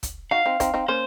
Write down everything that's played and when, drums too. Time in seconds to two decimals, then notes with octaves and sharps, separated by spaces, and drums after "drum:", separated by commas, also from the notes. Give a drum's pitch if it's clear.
0.03 drum: kick, hi-hat
0.31 D#4 F#4 F5
0.46 C4 D#4
0.60 C4 D#4, drum: kick, hi-hat
0.74 C4 D#4
0.88 A#3 C#4 C5